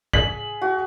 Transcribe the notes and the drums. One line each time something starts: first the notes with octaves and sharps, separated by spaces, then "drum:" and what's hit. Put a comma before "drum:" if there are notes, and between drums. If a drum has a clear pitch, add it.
G#4 B6 F#7, drum: kick
F#4